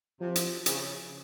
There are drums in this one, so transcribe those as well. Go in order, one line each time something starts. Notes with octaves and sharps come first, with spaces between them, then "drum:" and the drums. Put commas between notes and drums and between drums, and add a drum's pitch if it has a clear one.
C3 F3
drum: hi-hat
C#3, drum: hi-hat